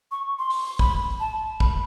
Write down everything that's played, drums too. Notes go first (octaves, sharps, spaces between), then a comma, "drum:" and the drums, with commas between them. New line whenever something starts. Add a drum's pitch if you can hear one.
C#6
C6
drum: open hi-hat
B5, drum: kick
A5
B5, drum: kick